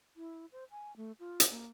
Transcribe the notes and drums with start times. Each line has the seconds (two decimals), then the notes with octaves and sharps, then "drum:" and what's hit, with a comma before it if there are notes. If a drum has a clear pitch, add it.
0.16 E4
0.52 C5
0.71 G#5
0.96 A3
1.19 F4
1.40 drum: hi-hat
1.51 A#3